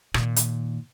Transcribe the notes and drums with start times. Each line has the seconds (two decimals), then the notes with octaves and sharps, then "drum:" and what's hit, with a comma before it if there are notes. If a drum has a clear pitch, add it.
0.14 A#2 D#3, drum: rim click
0.36 drum: hi-hat